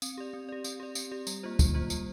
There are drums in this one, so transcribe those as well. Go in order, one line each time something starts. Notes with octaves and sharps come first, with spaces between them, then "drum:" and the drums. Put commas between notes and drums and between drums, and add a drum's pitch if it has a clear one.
C4, drum: tambourine
G4 D5
C4
G4 D5
C4, drum: tambourine
G4 D5
C4, drum: tambourine
G4 D5
G3, drum: tambourine
A#3 F4 C5
G3, drum: kick, tambourine
A#3 F4 C5
G3, drum: tambourine